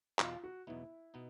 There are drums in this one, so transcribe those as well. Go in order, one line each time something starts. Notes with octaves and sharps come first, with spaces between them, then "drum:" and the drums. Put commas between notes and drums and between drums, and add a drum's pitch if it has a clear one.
E2 B2 F#3 B3 D#4 F4, drum: clap
F#4
E2 B2 F#3 B3 D#4 E4
B2 B3 D#4